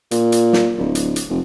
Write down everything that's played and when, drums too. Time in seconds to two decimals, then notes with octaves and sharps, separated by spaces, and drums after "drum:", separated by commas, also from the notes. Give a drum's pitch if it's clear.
0.11 A#2, drum: hi-hat
0.32 drum: hi-hat
0.53 drum: snare
0.78 D1
0.95 drum: hi-hat
1.16 drum: hi-hat
1.29 F1